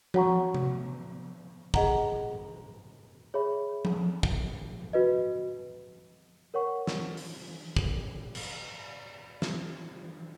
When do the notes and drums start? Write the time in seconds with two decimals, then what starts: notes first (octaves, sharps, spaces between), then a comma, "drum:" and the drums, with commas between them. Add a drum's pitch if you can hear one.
0.14 F#4 C#5 F#5 A#5 C#6, drum: tom F3
0.54 drum: tom C3
1.74 G#4 D#5 F#5 A#5, drum: kick
3.34 G#4 C#5 E5 B5
3.85 drum: tom F3
4.23 drum: kick
4.93 F#4 B4 D#5
6.54 A#4 C#5 F#5 C#6
6.87 drum: snare
7.17 drum: open hi-hat
7.76 drum: kick
8.35 drum: cymbal
9.42 drum: snare